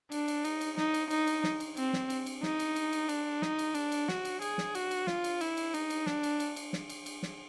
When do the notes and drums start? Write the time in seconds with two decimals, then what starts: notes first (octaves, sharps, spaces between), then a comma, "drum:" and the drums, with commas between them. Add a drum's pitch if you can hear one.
0.12 D4, drum: cymbal
0.28 drum: cymbal
0.45 D#4, drum: cymbal
0.61 drum: cymbal
0.77 D#4, drum: snare
0.94 drum: cymbal
1.11 D#4, drum: cymbal
1.27 drum: cymbal
1.44 drum: snare
1.60 drum: cymbal
1.77 C4, drum: cymbal
1.93 drum: snare
2.10 drum: cymbal
2.26 drum: cymbal
2.43 D#4, drum: snare
2.59 drum: cymbal
2.76 drum: cymbal
2.93 drum: cymbal
3.09 D4, drum: cymbal
3.42 D#4, drum: snare
3.59 drum: cymbal
3.75 D4, drum: cymbal
3.92 drum: cymbal
4.08 F#4, drum: snare
4.25 drum: cymbal
4.42 G#4, drum: cymbal
4.58 drum: snare
4.75 F#4, drum: cymbal
4.91 drum: cymbal
5.07 F4, drum: snare
5.24 drum: cymbal
5.41 E4, drum: cymbal
5.57 drum: cymbal
5.74 D#4, drum: cymbal
5.90 drum: cymbal
6.06 D4, drum: snare
6.23 drum: cymbal
6.40 drum: cymbal
6.56 drum: cymbal
6.73 drum: snare
6.89 drum: cymbal
7.06 drum: cymbal
7.23 drum: snare